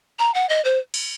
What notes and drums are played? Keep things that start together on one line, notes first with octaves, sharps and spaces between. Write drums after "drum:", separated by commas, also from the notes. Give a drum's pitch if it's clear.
A#5
F#5
D#5
C5
drum: cymbal